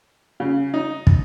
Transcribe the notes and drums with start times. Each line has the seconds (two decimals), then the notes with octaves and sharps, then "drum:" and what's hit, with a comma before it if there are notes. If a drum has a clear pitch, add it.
0.40 C#3
0.74 D#4
1.07 drum: kick